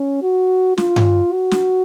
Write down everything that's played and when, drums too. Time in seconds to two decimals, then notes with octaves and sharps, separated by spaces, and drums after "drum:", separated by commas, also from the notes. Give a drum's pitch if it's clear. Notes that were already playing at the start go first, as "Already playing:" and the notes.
Already playing: C#4
0.22 F#4
0.78 F4, drum: snare
0.96 drum: tom G2
1.33 F#4
1.51 drum: snare